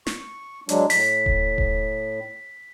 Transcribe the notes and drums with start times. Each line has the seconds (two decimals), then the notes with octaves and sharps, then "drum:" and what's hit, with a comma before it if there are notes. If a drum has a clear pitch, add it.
0.07 C#6, drum: snare
0.69 F#3 G#3 D4, drum: hi-hat
0.90 A2 B6, drum: open hi-hat
1.26 drum: kick D#1
1.58 drum: kick D#1